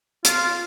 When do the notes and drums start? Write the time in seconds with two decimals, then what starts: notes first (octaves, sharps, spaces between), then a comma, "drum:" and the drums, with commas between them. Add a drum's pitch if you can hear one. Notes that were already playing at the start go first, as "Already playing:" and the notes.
0.25 F4, drum: hi-hat